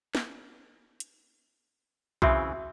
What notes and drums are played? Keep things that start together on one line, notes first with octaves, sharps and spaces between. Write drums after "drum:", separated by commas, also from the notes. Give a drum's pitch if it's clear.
drum: snare
drum: hi-hat
C#3 E3 C4 F#4 E5, drum: kick B1